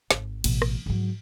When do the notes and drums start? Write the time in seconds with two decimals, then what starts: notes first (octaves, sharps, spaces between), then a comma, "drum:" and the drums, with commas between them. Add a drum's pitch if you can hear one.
0.11 G#1, drum: snare
0.44 A1 B2, drum: cymbal
0.62 drum: rim click
0.86 G#2 F#3